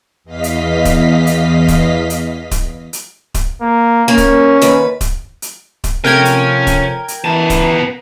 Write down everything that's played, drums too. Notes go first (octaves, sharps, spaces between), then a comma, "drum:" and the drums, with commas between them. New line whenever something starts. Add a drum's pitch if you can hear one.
E2 D#5 F5 B6
drum: hi-hat
drum: kick D#1, hi-hat
drum: hi-hat
drum: kick D#1, hi-hat
drum: hi-hat
drum: kick D#1, hi-hat
drum: hi-hat
drum: kick D#1, hi-hat
A#3
A#3 C#4
drum: kick D#1, hi-hat
D#2 B4, drum: hi-hat
drum: kick D#1, hi-hat
drum: hi-hat
drum: kick D#1, hi-hat
C3 F3 A3 A#4 C#5 G5 G#5 G#6
drum: hi-hat
drum: kick D#1, hi-hat
drum: hi-hat
E3 B3 A5 A#5
drum: kick D#1, hi-hat